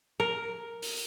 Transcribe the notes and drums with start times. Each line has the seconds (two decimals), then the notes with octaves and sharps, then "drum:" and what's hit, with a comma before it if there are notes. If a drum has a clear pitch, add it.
0.20 A#4
0.82 drum: open hi-hat